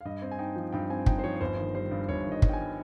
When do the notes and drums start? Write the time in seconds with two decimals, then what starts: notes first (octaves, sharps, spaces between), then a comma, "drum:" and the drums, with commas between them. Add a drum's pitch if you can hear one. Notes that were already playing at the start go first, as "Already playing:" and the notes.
0.01 F5
0.05 G2 D#5
0.22 C4
0.31 G#5
0.39 D#4 G5
0.56 F3
0.73 G2 G5
0.90 C4 G#5
1.06 D#4 G5, drum: kick
1.19 C5
1.24 F3 C#5
1.36 C#5
1.41 G1 C5
1.57 D#3
1.75 G3 C5
1.91 G2
2.09 G1 C#5
2.25 D#3
2.32 D#5
2.42 G3, drum: kick
2.49 G5
2.53 G#5